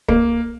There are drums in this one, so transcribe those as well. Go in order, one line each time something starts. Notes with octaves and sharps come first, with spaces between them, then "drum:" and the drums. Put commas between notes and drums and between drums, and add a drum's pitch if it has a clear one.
A#3, drum: kick